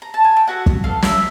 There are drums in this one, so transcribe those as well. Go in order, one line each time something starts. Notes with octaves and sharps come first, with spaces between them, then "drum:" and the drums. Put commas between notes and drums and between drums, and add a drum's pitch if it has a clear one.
A#5
A5
G#5
G5
B3 E4 F#4 A4 F#5
drum: kick
B3 D4 F4 A4 F5
E4 E5, drum: snare